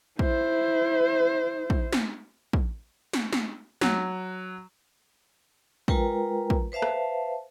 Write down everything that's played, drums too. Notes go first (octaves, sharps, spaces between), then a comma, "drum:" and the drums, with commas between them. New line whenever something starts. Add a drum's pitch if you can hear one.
E4 C5, drum: kick
drum: kick
drum: snare
drum: kick
drum: snare
drum: snare
F#3, drum: snare
G#3 F4 A#4 B4 G5 A#5, drum: kick
drum: kick
B4 C5 E5 F5 A5
drum: rim click